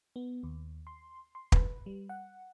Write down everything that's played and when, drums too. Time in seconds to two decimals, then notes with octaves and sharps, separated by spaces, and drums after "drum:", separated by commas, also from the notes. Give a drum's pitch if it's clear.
0.16 B3
0.43 D#2
0.87 C6
1.35 C6
1.52 B4, drum: kick
1.86 G3
2.09 F#5